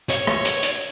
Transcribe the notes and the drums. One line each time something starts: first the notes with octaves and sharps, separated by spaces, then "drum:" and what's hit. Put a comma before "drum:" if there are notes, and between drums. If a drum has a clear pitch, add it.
C#5, drum: hi-hat
drum: rim click
drum: hi-hat
drum: hi-hat